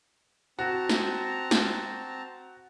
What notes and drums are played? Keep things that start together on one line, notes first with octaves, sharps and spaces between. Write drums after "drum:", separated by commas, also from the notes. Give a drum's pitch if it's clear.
C4 F#4 A5 A#5
drum: snare
drum: snare